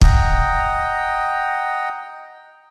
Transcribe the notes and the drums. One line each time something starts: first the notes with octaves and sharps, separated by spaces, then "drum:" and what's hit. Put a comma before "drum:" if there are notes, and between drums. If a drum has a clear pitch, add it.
D#5 F#5 G5 A#5, drum: kick